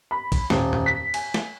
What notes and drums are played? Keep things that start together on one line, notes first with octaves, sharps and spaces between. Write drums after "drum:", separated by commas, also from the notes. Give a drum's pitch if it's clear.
B5
drum: kick A#1, cymbal
D#1, drum: snare
drum: tom F2
B6
G#5, drum: cymbal
drum: snare